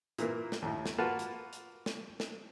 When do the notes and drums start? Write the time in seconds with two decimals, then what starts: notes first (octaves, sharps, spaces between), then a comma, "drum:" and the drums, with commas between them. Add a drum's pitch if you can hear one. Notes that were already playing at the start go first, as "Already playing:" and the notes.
0.18 A#2 E3 A#3, drum: hi-hat
0.52 drum: snare
0.62 D#2 A2
0.86 drum: snare
0.98 A#3 F4 F#4 B4 A5
1.19 drum: hi-hat
1.53 drum: hi-hat
1.86 drum: snare
2.20 drum: snare